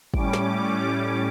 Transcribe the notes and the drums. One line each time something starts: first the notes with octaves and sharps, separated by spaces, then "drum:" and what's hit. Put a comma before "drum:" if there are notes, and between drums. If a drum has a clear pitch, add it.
A2 G3 C#4 D6, drum: kick
drum: snare